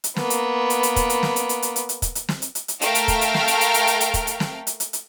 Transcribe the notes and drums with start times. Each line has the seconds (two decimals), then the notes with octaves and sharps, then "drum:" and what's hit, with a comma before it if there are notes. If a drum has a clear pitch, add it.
0.04 drum: hi-hat
0.16 A#3 B3, drum: snare
0.30 drum: hi-hat
0.70 drum: hi-hat
0.83 drum: hi-hat
0.96 drum: kick, hi-hat
1.10 drum: hi-hat
1.23 drum: snare
1.36 drum: hi-hat
1.49 drum: hi-hat
1.62 drum: hi-hat
1.76 drum: hi-hat
1.89 drum: hi-hat
2.02 drum: kick, hi-hat
2.15 drum: hi-hat
2.29 drum: snare
2.42 drum: hi-hat
2.55 drum: hi-hat
2.68 drum: hi-hat
2.81 A3 A#4 F5 G5 F6 D7, drum: hi-hat
2.95 drum: hi-hat
3.08 drum: kick, hi-hat
3.21 drum: hi-hat
3.34 drum: snare
3.48 drum: hi-hat
3.61 drum: hi-hat
3.74 drum: hi-hat
3.87 drum: hi-hat
4.01 drum: hi-hat
4.14 drum: kick, hi-hat
4.27 drum: hi-hat
4.40 drum: snare
4.67 drum: hi-hat
4.80 drum: hi-hat
4.93 drum: hi-hat